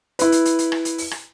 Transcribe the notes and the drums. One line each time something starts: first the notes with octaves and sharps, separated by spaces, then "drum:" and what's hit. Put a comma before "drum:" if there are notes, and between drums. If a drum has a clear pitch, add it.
E4 B4, drum: hi-hat
drum: hi-hat
drum: hi-hat
drum: hi-hat
drum: rim click
drum: hi-hat
drum: open hi-hat
drum: rim click